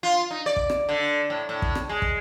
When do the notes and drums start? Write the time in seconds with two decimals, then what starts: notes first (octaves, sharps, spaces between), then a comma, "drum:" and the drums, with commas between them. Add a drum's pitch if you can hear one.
0.03 F4
0.31 D#4
0.46 D5
0.56 drum: kick
0.70 drum: rim click
0.89 D3
1.30 A2
1.49 A2
1.62 drum: kick
1.75 drum: rim click
1.89 G#3
2.02 drum: kick